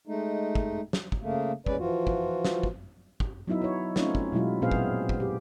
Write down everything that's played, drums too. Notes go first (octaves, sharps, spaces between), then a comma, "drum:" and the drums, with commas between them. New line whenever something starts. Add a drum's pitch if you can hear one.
G#3 A3 D#4
drum: kick
drum: snare
drum: kick
C#3 A3 A#3
E2 A2 G#3 C#4 B4 D5, drum: kick
E3 F3 F4 F#4
drum: kick
drum: snare
drum: kick
drum: kick
F#3 B3 D#4 E4 E5
E4 C#5
A3 C4 C#4 D#4 F4 C#5, drum: snare
drum: kick
B2 F#3 G#3 E4 F4
A#2 B3 C4 G#4 C5 F5
drum: kick
drum: kick
G4